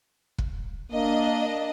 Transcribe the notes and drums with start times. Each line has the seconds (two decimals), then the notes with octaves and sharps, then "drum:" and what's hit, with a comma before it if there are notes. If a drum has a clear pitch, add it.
0.38 drum: kick
0.92 A#3 D4 D#5